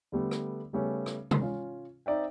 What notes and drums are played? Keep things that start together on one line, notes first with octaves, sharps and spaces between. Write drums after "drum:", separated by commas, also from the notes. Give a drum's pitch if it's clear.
D3 G3 A3 B3
drum: rim click
C#3 G3 A3 B3 C#4
drum: rim click
drum: tom C3
C#4 F4
C4 D#4 D5 E5 G5